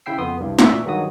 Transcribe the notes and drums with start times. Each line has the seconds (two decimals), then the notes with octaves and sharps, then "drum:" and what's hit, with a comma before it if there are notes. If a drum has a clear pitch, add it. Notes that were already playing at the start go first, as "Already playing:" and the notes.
0.06 C#3 E4 E5 G5 E6 C7
0.18 F2 B3 C6 D#6
0.40 C2 G2
0.59 A#2 E3 E5 C#6, drum: snare
0.85 G2 D#3 F#3 G#3 F#4 D#6